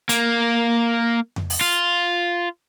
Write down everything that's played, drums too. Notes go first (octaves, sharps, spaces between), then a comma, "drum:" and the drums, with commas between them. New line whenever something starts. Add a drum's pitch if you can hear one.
A#3, drum: hi-hat
drum: tom F2
drum: open hi-hat
F4